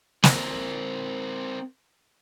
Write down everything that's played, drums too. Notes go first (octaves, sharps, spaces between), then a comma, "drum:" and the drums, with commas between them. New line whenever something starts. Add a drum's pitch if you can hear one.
C4 A#4, drum: snare